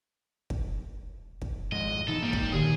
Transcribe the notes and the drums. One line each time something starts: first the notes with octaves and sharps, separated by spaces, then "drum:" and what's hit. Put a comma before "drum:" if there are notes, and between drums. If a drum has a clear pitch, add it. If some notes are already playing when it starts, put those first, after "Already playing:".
drum: kick
drum: kick
G#1 F2 G#2 D#5
B2 E3 D#4 A4
G#2 G3 A#3
drum: kick
A#2 D3 D#3 G4 G#4